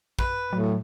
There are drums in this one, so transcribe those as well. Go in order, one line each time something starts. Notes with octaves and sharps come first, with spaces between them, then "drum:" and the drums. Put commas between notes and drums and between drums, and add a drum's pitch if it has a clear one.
B4, drum: kick
A2 F#3